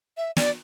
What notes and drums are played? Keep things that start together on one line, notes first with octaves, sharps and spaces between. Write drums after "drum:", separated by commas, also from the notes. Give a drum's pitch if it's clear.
E5
D5, drum: snare